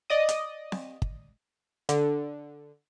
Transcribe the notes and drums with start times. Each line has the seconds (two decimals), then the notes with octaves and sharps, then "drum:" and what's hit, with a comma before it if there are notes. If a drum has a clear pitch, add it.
0.10 D5 D#5 D#6
0.29 drum: hi-hat
0.72 drum: snare C4
1.02 drum: kick
1.89 D3, drum: hi-hat